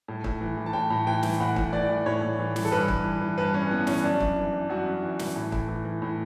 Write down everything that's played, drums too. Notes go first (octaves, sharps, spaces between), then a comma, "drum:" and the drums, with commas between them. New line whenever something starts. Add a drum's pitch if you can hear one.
A2
A2, drum: kick
E3
E3
A5
A2 G5
A2
E3 G5
E3, drum: snare
A2 F#5
A2, drum: kick
E3 D5
E3
A2 C#5
A2
E3
E3, drum: snare
A4
G2 B4
G2, drum: kick
E3
E3
G2 B4
G2 C#4
E3 B3
E3 C#4, drum: snare
F#2 D4
F#2, drum: kick
E3
E3
F#2 F#4
F#2
E3
E3, drum: snare
A2
A2, drum: kick
E3
E3
A2